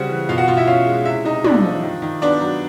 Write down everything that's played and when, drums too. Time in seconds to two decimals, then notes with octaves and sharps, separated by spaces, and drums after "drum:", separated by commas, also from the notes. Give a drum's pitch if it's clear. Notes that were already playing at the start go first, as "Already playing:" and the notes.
Already playing: C#3 G3 C4 F#4 F#5
0.09 E3
0.29 B2 F4 F5
0.38 F#4 F#5
0.48 B2 F4 F5
0.57 E4 E5
0.67 C#4 F4 F5
0.86 G#3
1.05 C3 E4 E5
1.25 C3 D#4 D#5
1.44 A3 D4 D5, drum: tom
1.64 F3
1.83 D#3
2.02 D#3
2.22 B3 D4 D5
2.41 F#3